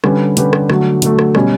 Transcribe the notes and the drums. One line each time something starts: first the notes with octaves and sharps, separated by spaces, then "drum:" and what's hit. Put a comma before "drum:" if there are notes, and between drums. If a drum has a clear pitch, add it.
D3 G3 C#4 G4 B4, drum: rim click
D3 G3 C#4 G4 B4, drum: hi-hat
drum: rim click
D3 F#3 A3, drum: rim click
D3 F#3 A3, drum: hi-hat
drum: rim click
B2 G3 C#4, drum: rim click